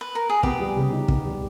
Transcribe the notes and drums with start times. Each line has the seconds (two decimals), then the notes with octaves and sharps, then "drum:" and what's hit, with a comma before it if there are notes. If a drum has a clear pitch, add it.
0.01 B4
0.15 A#4
0.29 G#4
0.43 B3 G4, drum: kick
0.60 G3
0.76 C#3
0.93 D#4
1.08 B3, drum: kick
1.25 G3